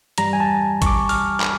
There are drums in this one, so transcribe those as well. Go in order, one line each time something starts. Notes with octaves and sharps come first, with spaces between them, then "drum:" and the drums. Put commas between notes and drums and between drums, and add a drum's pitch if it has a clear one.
G2 E3 G3 A#5, drum: hi-hat
G#5
A5
C#6, drum: kick A1, hi-hat
D6
F6, drum: open hi-hat
drum: clap